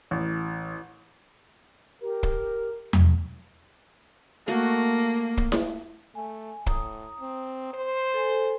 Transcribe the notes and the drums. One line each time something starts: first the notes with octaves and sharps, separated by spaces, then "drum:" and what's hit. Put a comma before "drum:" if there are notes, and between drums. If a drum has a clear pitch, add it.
A1
G4 A#4
drum: kick
drum: tom E2
A3 A#3 F#4
drum: kick
drum: snare E4
A3 G#5
A2 A#5 D#6, drum: kick
C4
C5
A4 G#5